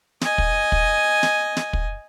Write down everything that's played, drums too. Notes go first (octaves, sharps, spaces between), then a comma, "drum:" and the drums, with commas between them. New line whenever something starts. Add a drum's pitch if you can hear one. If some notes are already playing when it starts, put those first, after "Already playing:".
D#5 G#5, drum: snare
drum: kick
drum: kick
drum: snare
drum: snare
drum: kick